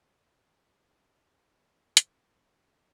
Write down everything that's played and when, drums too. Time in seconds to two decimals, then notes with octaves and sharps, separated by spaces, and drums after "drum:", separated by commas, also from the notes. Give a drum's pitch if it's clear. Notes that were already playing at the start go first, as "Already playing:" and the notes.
0.32 G4
1.97 C#4, drum: hi-hat